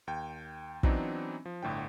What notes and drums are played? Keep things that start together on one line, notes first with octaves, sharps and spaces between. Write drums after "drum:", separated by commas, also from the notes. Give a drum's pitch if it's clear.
D#2 G5
E3 F#3 B3 C4 D4 D#4, drum: kick
F3
G1 A2 D3 G5